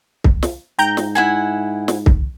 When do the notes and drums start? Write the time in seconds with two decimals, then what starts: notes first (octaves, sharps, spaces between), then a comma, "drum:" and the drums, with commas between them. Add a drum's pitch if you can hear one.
0.24 drum: kick C2
0.43 drum: snare
0.79 G#2 G5 A#5 G6
0.97 drum: snare
1.15 E4 F#5 G#5
1.88 drum: snare
2.06 drum: kick C2